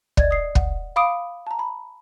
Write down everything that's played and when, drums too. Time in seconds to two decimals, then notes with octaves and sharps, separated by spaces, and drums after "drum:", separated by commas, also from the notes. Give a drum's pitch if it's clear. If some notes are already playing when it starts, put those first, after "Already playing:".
0.17 D5 D#5 G#6 A6, drum: kick
0.31 D#6 C7
0.55 F#5, drum: kick
0.96 F5 B5 D6 D#6 D7
1.47 A5 A#5
1.59 B5